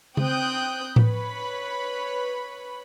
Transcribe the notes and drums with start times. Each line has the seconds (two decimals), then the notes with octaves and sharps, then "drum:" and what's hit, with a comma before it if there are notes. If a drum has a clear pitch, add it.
0.17 C4 G5 D#6 F#6 G6, drum: tom C#3
0.96 B4 C#5 B5, drum: tom A2